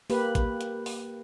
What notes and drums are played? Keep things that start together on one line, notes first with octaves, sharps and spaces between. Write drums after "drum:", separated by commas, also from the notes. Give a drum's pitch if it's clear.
A#3 G4 B4, drum: open hi-hat
drum: kick A1, hi-hat
drum: hi-hat
drum: open hi-hat